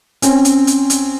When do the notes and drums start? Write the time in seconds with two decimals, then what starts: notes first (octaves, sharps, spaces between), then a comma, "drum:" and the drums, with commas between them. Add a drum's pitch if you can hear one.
0.22 C4 C#4, drum: hi-hat
0.45 drum: hi-hat
0.67 drum: hi-hat
0.90 drum: hi-hat